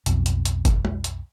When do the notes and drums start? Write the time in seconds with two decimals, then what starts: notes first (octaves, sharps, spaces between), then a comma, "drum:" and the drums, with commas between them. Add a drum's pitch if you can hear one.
0.06 B1 F2, drum: hi-hat
0.26 drum: hi-hat
0.45 drum: hi-hat
0.65 drum: kick G1, hi-hat
0.85 drum: tom G#3
1.04 drum: hi-hat